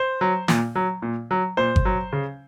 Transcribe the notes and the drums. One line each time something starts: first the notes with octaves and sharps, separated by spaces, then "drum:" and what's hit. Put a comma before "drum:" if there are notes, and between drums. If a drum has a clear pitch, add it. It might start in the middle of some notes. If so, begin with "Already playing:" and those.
Already playing: C5
F#3
A#2, drum: snare
F#3
A#2
F#3
A#2 C5
drum: kick G1
F#3
C#3